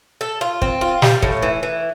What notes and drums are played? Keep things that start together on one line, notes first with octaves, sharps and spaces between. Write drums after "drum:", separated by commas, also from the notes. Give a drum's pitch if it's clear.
A4
F4
C4, drum: kick
F4
G3, drum: snare
A2, drum: kick
E3
E3